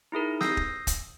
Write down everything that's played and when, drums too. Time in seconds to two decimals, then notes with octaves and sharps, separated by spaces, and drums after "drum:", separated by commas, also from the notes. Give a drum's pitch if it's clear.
0.12 D#4 E4 G#4 A#4
0.41 D#6 E6 G6 A#6 C7, drum: snare
0.57 drum: kick
0.87 drum: kick, hi-hat